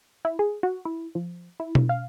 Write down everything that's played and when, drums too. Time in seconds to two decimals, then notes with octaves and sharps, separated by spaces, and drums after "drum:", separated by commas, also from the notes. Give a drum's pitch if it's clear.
0.25 E4
0.39 G#4
0.63 F#4
0.85 E4
1.15 F3
1.60 E4
1.75 drum: tom B2
1.89 F5